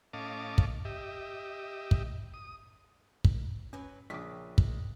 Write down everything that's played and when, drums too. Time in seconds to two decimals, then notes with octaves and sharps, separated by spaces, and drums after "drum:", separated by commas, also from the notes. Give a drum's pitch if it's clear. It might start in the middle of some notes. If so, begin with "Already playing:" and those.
0.13 A2 C#4 D#5 F5 A5 D6
0.58 drum: kick
0.85 G4 D#5 E5
1.91 drum: kick
2.34 D#6
3.24 drum: kick
3.73 F#3 C#4 B4 G#5
4.10 A#1 C#3 F4 G5 D6 B6
4.58 drum: kick